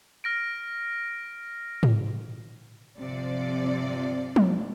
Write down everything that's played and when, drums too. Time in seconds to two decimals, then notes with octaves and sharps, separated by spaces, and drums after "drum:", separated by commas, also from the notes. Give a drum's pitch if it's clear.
0.24 F6 A#6 D7
1.83 drum: tom G#2
2.98 G1 C3 F3 D5
4.36 drum: tom F3